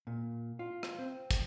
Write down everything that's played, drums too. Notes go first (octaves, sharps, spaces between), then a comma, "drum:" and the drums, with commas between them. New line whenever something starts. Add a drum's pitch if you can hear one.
A#2
F4
drum: rim click
C4
drum: kick, hi-hat